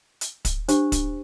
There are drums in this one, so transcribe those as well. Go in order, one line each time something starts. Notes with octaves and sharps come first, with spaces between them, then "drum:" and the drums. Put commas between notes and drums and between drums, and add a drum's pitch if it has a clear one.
drum: hi-hat
drum: kick, hi-hat
D4 G4 C5, drum: hi-hat
drum: kick, hi-hat